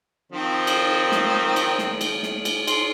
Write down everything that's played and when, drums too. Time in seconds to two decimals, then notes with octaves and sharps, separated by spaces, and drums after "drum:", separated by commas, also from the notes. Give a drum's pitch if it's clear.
0.32 D#3 F3 C4
0.67 drum: cymbal
1.12 drum: snare
1.56 drum: cymbal
1.79 drum: snare
2.01 drum: cymbal
2.23 drum: snare
2.45 drum: cymbal
2.68 C6, drum: cymbal